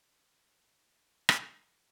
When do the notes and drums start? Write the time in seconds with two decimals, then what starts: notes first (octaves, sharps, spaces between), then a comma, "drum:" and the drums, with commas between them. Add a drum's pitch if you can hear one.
0.12 F3 C#4 D4 F4 G4 G#4
1.29 drum: rim click